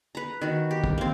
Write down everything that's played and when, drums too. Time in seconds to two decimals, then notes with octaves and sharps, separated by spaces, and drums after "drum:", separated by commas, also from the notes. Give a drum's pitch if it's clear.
0.15 B4 A#5
0.41 D#3 F#4
0.71 G4
0.84 drum: kick
0.98 A#3 C4